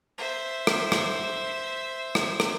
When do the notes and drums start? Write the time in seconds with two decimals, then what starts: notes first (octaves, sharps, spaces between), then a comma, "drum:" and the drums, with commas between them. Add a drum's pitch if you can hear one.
0.18 C5 E5
0.67 drum: rim click
0.92 drum: rim click
2.15 drum: rim click
2.40 drum: rim click